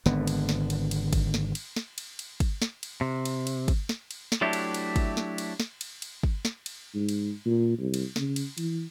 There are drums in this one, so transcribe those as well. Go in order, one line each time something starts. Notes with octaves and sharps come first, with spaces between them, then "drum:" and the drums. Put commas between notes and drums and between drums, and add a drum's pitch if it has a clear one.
G#1 D3 B3, drum: snare
drum: cymbal
drum: snare
drum: cymbal
drum: cymbal
drum: kick, cymbal
drum: snare
drum: cymbal
drum: snare
drum: cymbal
drum: cymbal
drum: kick, cymbal
drum: snare
drum: cymbal
C3
drum: cymbal
drum: cymbal
drum: kick, cymbal
drum: snare
drum: cymbal
drum: snare
F#3 A3 D4 E4 G4
drum: cymbal
drum: cymbal
drum: kick, cymbal
drum: snare
drum: cymbal
drum: snare
drum: cymbal
drum: cymbal
drum: kick
drum: snare
drum: cymbal
G#2
drum: cymbal
A#2
C2
drum: cymbal
C#3, drum: snare
drum: cymbal
E3, drum: cymbal